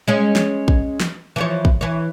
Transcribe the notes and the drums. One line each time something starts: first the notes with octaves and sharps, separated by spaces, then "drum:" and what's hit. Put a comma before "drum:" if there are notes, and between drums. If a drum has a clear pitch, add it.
G#3 C#4 D#5
drum: snare
drum: kick
drum: snare
E3 F3 C#5
drum: kick
E3 C#5